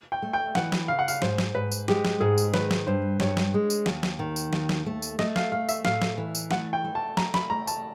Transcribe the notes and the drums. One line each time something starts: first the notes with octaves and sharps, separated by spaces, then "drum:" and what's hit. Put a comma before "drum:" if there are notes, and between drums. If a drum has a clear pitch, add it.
G5
A3
G5
E3 F#5, drum: snare
drum: snare
C#3 F5
F#5
F5, drum: tambourine
G#2 C5, drum: snare
drum: snare
G#2 B4
drum: tambourine
G#3 G4, drum: snare
drum: snare
G#2 G#4
drum: tambourine
D#3 B4, drum: snare
drum: snare
G2 C5
G2 C#5, drum: snare
drum: snare
G#3
drum: tambourine
D#2, drum: snare
drum: snare
D#3
drum: tambourine
D#2, drum: snare
drum: snare
A3
drum: tambourine
A3 D#5, drum: snare
F5, drum: snare
A3 F5
E5, drum: tambourine
A2 F5, drum: snare
drum: snare
E3
drum: tambourine
A3 F#5, drum: snare
G5
A3
A5
A3 A#5, drum: snare
B5, drum: snare
A3 A#5
A5, drum: tambourine